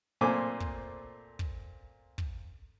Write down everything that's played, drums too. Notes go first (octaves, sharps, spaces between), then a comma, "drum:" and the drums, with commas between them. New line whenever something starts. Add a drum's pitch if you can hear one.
A#2 A3 C4 C5 G#5 D6
drum: kick
drum: kick
drum: kick